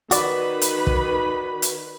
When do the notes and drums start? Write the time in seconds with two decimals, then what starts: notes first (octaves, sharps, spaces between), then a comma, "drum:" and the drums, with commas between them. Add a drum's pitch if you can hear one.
0.11 D#3 F#4 B4 D5 B5, drum: hi-hat
0.61 drum: hi-hat
0.87 drum: kick
1.62 drum: hi-hat